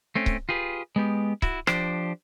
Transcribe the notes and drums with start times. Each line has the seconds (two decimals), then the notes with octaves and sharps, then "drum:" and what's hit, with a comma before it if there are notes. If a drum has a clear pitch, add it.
0.15 A3 C4 C#4
0.26 drum: kick C#1
0.49 F4 G4 G#4 B4
0.96 G#3 B3 G4
1.42 E4 F#4, drum: kick C#1
1.67 F3 D4 G4 C5, drum: rim click